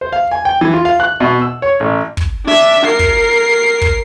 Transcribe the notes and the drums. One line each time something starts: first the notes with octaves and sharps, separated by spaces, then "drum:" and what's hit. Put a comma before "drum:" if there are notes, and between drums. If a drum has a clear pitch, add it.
C5
F5
G#5
G5
E3
F4
F5
F#6
B2
E6
C#5
A1
drum: kick
D4 E5
A#4 C7
drum: kick
drum: kick